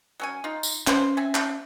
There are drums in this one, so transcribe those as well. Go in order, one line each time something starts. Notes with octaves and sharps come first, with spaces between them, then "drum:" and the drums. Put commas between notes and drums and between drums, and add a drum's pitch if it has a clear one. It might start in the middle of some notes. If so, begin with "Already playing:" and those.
F#3 C#4 G#5
D#4 F4
drum: tambourine
C#4 F4 B4 C5, drum: clap
C4 E5 G#5
drum: clap